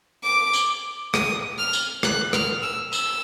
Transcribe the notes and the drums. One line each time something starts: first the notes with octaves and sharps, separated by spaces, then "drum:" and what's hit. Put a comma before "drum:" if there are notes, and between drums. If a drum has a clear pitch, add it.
D6
drum: tambourine
D#6, drum: rim click
F6
drum: tambourine
F#6, drum: rim click
F6, drum: rim click
E6
E6, drum: tambourine